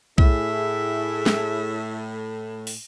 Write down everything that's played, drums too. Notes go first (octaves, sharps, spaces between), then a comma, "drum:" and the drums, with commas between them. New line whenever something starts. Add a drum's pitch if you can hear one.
A2 A3 E4 G#4 E5, drum: kick B1
drum: snare
drum: open hi-hat